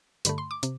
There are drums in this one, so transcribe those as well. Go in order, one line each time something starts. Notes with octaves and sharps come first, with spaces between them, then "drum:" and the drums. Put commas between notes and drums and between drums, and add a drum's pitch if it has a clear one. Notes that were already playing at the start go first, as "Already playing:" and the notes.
G2 D3 A3 B5, drum: hi-hat
C6
D6
C3, drum: hi-hat